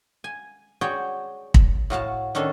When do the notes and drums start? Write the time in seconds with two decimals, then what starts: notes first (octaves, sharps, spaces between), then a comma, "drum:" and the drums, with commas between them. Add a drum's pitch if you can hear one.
0.24 G#5
0.81 F#4 G#4 C#5 D5 G5
1.54 drum: kick
1.90 A2 F#4 F5 A5
2.35 D#3 C#4 D4 A4